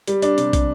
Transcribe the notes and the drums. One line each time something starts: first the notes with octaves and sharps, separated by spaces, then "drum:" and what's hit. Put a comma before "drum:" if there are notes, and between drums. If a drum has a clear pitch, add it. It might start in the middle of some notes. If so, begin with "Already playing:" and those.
G3, drum: hi-hat
D4, drum: hi-hat
C3, drum: hi-hat
drum: kick, hi-hat